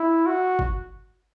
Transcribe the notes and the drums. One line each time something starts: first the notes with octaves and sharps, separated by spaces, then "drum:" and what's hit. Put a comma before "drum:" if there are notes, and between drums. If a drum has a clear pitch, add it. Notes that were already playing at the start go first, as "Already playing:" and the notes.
Already playing: E4
F#4
drum: kick G1